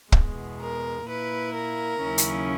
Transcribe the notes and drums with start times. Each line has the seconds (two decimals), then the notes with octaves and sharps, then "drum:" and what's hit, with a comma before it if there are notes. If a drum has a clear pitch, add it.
0.12 E2 B2 G#3, drum: kick
0.60 A#4
1.07 A#2 A#3 E4 B4
1.55 A#4
2.03 D#2 C#3 F#3 C#4 E4
2.18 drum: hi-hat